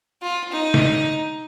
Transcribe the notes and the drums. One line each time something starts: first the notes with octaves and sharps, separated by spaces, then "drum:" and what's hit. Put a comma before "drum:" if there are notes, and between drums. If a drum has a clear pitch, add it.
F4
D#4
drum: snare